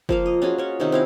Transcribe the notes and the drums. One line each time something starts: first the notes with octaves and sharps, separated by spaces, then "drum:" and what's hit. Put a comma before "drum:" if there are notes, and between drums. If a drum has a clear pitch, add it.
F3 A#3 F5, drum: kick
D#5
C#4 F4 F#4 G#4
C#4 C#5
C3 D#3 C#4 D#4
C4 E4 F5